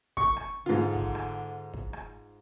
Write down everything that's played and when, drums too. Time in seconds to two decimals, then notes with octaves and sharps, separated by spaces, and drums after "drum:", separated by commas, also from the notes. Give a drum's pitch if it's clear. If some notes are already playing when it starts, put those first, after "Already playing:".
0.17 C#6, drum: kick
0.37 drum: rim click
0.66 G#2 D3 F4
0.95 drum: kick
1.15 drum: rim click
1.74 drum: kick
1.93 drum: rim click